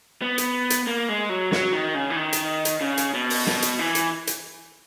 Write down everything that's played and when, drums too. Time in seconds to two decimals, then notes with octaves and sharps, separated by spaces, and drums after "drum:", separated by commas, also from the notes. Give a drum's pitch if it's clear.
0.22 B3
0.38 drum: hi-hat
0.70 drum: hi-hat
0.87 A#3
1.09 G#3
1.29 F#3
1.52 F#3, drum: snare
1.72 D#3
1.95 C#3
2.10 E3
2.16 D#3
2.33 drum: hi-hat
2.65 drum: hi-hat
2.81 C#3
2.98 drum: hi-hat
3.14 B2
3.30 drum: open hi-hat
3.47 B2, drum: snare
3.62 drum: hi-hat
3.79 E3
3.95 drum: hi-hat
4.27 drum: hi-hat